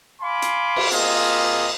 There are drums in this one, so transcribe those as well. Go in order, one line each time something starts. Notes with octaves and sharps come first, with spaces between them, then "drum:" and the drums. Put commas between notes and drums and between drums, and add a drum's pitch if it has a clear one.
F5 G#5 B5 C6 D6
drum: hi-hat
drum: cymbal
A#3 C4 F4 G#4 D#5, drum: hi-hat